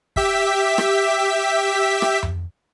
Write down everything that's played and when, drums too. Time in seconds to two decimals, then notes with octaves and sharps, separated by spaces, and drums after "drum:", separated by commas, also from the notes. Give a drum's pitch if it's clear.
0.16 G4 E5 B6, drum: kick
0.78 drum: rim click
2.02 drum: rim click
2.23 drum: tom F2